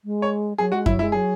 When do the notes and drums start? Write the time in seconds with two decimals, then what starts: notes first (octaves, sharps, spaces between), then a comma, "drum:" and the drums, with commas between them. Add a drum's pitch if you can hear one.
0.04 G#3
0.22 C#5
0.58 F#3 G#4
0.72 G#3 F#4
0.86 F#3 E4, drum: kick F#2
0.99 G#3 E4
1.12 F#3 G#4